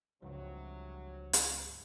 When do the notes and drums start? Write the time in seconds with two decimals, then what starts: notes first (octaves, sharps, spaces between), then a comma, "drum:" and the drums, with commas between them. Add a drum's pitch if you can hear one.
0.22 C#2 G2 C3 F3 F#3
1.33 drum: hi-hat